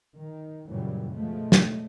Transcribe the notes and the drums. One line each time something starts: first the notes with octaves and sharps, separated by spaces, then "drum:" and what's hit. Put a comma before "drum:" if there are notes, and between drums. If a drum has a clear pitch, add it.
D#3
F#2 A#2 C#3 E3 F#3 G3
B2 F3 G#3 A3
drum: snare